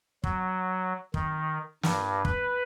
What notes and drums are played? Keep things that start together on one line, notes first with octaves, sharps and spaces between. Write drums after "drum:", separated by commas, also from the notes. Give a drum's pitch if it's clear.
F#3, drum: kick
D#3, drum: kick
G2, drum: snare
B4, drum: kick